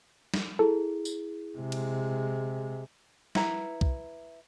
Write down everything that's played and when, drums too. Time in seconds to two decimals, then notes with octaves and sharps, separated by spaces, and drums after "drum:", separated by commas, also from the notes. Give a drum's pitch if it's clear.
0.34 drum: snare
0.59 E4 G#4 A4
1.05 drum: tambourine
1.58 C3 G#3
1.72 drum: cymbal
3.35 E4 B4 F#5 A#5, drum: snare
3.81 drum: kick C2